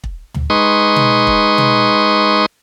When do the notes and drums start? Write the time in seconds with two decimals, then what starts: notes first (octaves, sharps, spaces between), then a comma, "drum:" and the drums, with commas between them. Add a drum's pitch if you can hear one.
0.04 drum: kick
0.34 drum: tom
0.50 G#3 D#4 B4 C6 C#6 D#6
0.96 drum: tom
1.27 drum: kick
1.58 drum: tom